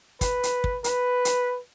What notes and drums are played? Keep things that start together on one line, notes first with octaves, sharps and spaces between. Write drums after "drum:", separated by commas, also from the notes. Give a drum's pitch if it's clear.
B4, drum: kick, hi-hat
drum: hi-hat
drum: kick
B4, drum: hi-hat
drum: hi-hat